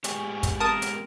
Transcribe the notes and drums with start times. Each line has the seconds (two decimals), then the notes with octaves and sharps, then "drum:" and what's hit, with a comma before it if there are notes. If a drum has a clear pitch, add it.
0.04 G#3 B3 G4 G#5 C#6, drum: hi-hat
0.43 drum: kick, hi-hat
0.60 C4 A#4 A5 D#6
0.82 drum: hi-hat